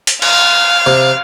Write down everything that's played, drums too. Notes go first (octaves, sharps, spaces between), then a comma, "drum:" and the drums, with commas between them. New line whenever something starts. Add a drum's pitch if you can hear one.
drum: hi-hat
F5, drum: cymbal
C3